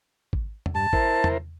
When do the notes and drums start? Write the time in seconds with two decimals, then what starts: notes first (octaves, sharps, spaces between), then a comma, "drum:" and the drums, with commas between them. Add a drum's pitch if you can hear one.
0.33 drum: kick G#1
0.66 drum: tom E2
0.75 G2 A5
0.93 E4 A#4 C5, drum: kick G#1
1.24 drum: tom E2